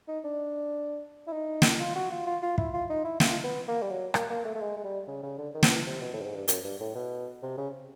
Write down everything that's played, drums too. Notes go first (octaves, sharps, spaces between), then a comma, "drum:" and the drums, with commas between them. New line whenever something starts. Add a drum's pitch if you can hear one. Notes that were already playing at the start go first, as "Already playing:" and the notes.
D#4
D4
E4
D#4
drum: snare
F4
F#4
F4
F4
F4
E4, drum: kick
F4
D#4
E4
F4, drum: snare
B3
A#3
G3
F#3
A#3, drum: rim click
A#3
A3
A3
G#3
G#3
G3
C#3
C#3
D3
D#3
F3, drum: snare
E3
C3
B2
A2
G2
G#2
G2
F#2, drum: hi-hat
G2
A2
B2
C3
C#3